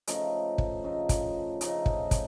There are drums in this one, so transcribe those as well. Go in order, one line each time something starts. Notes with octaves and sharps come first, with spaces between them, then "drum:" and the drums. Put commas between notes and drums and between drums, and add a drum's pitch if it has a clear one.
C#3 F3 A3 D#4, drum: hi-hat
drum: kick
C#3 F3 A3 D#4
drum: kick, hi-hat
C#3 F3 A3 D#4, drum: hi-hat
drum: kick
drum: kick, hi-hat